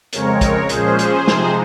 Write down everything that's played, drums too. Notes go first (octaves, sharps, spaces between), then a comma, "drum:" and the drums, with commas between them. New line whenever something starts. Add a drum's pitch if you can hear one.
F2 C#3 G#3 C4 A#4 C#5, drum: hi-hat
drum: kick, hi-hat
A#2 F3 G#3 C#4 G#4 C5, drum: hi-hat
G#4 C5, drum: hi-hat
C3 F3 G#3 D#4, drum: snare